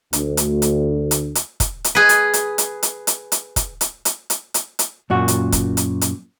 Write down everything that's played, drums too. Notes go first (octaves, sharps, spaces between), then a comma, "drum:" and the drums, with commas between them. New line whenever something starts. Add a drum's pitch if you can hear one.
D2, drum: hi-hat
drum: hi-hat
drum: hi-hat
drum: hi-hat
drum: hi-hat
drum: kick, hi-hat
drum: hi-hat
G#4 B4
drum: hi-hat
drum: hi-hat
drum: hi-hat
drum: hi-hat
drum: hi-hat
drum: hi-hat
drum: kick, hi-hat
drum: hi-hat
drum: hi-hat
drum: hi-hat
drum: hi-hat
drum: hi-hat
F#2 A#2 F#4
drum: hi-hat
drum: kick, hi-hat
drum: hi-hat
drum: hi-hat